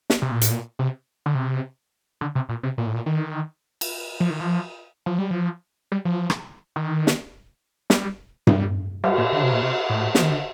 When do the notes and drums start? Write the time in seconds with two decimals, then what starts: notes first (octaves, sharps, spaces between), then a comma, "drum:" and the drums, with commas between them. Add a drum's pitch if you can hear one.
0.10 drum: snare
0.22 C3
0.31 A#2
0.41 A2, drum: hi-hat
0.51 A#2
0.79 C3
1.26 D3
1.35 C3
2.21 D3
2.35 C3
2.49 A#2
2.63 C3
2.78 A#2
2.86 A2
2.94 A#2
3.06 D#3
3.81 drum: cymbal
4.20 F3
4.30 D#3
4.40 F3
5.06 F3
5.18 G3
5.31 F3
5.92 G3
6.05 F3
6.30 drum: rim click
6.76 D#3
7.07 drum: snare
7.90 G3, drum: snare
8.47 G3, drum: tom G2
9.04 G3, drum: cymbal
9.18 A#2
9.32 D3
9.43 C3
9.52 A#2
9.62 C3
9.90 A2
10.15 F3, drum: snare
10.22 D#3
10.31 D3